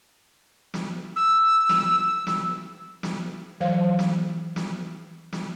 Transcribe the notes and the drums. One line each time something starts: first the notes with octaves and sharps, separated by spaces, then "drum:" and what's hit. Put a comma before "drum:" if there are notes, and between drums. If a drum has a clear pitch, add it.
drum: snare
E6
drum: snare
drum: snare
drum: snare
E3 F#3 C5 F5
drum: snare
drum: snare
drum: snare